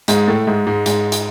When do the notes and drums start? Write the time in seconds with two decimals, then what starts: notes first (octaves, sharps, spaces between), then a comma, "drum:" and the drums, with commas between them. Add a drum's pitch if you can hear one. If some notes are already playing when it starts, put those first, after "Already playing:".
0.08 G#2 G#3, drum: hi-hat
0.28 A2 A3
0.47 G#2 G#3
0.67 G#2 G#3
0.86 G#2 G#3, drum: hi-hat
1.12 drum: hi-hat